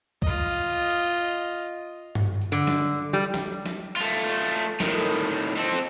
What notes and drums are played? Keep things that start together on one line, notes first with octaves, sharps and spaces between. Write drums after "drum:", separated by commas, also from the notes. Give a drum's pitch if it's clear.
F4 D#5, drum: kick
drum: hi-hat
drum: tom G2
drum: tambourine
D3
drum: snare
G3
drum: snare
drum: snare
A3 F4
A2 D#3, drum: snare
C4 A4